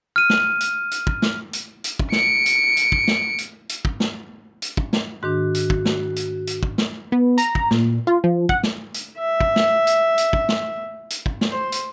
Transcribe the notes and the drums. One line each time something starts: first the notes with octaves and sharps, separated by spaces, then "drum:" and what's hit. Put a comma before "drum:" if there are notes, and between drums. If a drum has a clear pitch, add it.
F6 D#7
drum: snare
drum: hi-hat
drum: hi-hat
drum: kick
drum: snare
drum: hi-hat
drum: hi-hat
drum: kick
C#7 D7, drum: snare
drum: hi-hat
drum: hi-hat
drum: kick
drum: snare
drum: hi-hat
drum: hi-hat
drum: kick
drum: snare
drum: hi-hat
drum: kick
drum: snare
G#2 D#3 D4 F#4
drum: hi-hat
drum: kick
drum: snare
drum: hi-hat
drum: hi-hat
drum: kick
drum: snare
B3
A#5, drum: hi-hat
drum: kick
A#2, drum: snare
F4
F3
F#5, drum: kick
drum: snare
drum: hi-hat
E5
drum: kick
drum: snare
drum: hi-hat
drum: hi-hat
drum: kick
drum: snare
drum: hi-hat
drum: kick
drum: snare
C5
drum: hi-hat